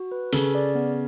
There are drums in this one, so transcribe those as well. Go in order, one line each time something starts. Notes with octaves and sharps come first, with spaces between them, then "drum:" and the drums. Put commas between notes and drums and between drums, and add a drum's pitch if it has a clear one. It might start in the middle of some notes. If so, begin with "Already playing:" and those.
Already playing: F#4
B4
C#3 A4, drum: open hi-hat
D5
B3